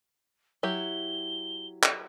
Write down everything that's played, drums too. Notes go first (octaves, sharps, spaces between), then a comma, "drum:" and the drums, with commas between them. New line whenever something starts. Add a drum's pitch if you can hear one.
F#3 E4 G4 G7
drum: clap